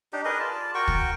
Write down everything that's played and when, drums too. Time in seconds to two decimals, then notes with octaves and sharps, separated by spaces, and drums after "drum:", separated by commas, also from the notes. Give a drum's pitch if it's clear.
0.13 D4 D#4 G4
0.25 G#4 A#4 B4 D#5
0.40 F4 D5 A5
0.74 F#4 A#4 G5 C#6
0.88 drum: kick